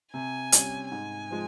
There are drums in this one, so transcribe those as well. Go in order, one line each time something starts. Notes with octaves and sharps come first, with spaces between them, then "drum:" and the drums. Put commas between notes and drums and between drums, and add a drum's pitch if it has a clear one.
C3 G#5
G3 C#4, drum: hi-hat
G#2 G#5
F3 G#3